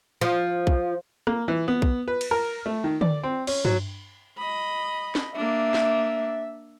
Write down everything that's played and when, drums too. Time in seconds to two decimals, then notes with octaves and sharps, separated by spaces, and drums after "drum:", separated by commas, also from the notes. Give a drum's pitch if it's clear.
0.21 F3
0.67 drum: kick
1.27 A#3, drum: rim click
1.48 E3
1.68 B3
1.82 drum: kick
2.08 B4
2.21 drum: cymbal
2.31 A#4
2.66 A3
2.84 D#3
3.01 D5, drum: tom D3
3.23 C4
3.47 C#4, drum: cymbal
3.65 F#3, drum: tom G2
4.37 D#5 B5
5.15 drum: snare
5.35 A#3 D4 E5
5.74 drum: snare